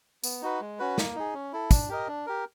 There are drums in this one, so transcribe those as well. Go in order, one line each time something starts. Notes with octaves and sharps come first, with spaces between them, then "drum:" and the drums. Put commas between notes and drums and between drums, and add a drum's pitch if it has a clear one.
B3, drum: tambourine
D#4 F#4 B4
G#3
C#4 F#4 B4
A#3, drum: snare
D#4 G#4
C#4
E4 A4
D4, drum: kick, tambourine
G4 A#4 D#5
D4
G4 A#4